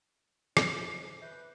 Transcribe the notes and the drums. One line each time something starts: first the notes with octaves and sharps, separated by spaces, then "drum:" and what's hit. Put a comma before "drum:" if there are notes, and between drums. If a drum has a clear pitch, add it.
D#4 C5, drum: rim click
B4 C5 E5 G6